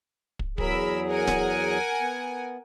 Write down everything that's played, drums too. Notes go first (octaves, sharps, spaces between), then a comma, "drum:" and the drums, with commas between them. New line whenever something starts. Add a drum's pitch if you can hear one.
drum: kick
E2 F#3 G#4 A#4 B5 E6, drum: kick
A#4 F#5 G#5
drum: snare D1
B3